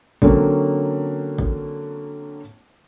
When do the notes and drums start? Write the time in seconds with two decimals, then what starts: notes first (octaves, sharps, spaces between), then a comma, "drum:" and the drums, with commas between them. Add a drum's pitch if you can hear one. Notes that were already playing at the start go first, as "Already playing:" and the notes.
0.22 D3 F#3 A#3 C4 C#4, drum: kick G#1
1.39 drum: kick G#1